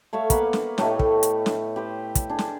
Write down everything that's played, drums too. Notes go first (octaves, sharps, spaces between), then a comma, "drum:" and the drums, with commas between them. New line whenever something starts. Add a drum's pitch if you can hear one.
A3 C#5 E5 F5
A#3 B3 B4 F5, drum: kick, hi-hat
drum: snare
A2 A3 G4 D#5, drum: snare
drum: kick
drum: hi-hat
drum: snare
G4 B4 C5
drum: kick, hi-hat
D4 G#4
drum: snare